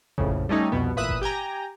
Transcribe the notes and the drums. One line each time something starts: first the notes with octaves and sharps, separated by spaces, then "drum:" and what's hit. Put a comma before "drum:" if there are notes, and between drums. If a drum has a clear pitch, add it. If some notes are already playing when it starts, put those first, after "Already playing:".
A#1 F2 A2 C#3, drum: kick G1
G3 A3 C#4 D#4
C2 F2 B2 B3
A1 A#2 B4 E5 D#6 F#6
drum: kick G1
G4 G5 G#5 A#5